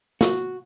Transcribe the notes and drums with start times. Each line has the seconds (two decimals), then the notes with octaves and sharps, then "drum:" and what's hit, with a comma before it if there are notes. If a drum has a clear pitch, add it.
0.21 F#4, drum: snare